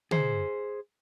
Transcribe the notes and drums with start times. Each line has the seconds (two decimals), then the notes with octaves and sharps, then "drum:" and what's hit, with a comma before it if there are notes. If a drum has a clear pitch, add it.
0.11 G#4 C5, drum: tom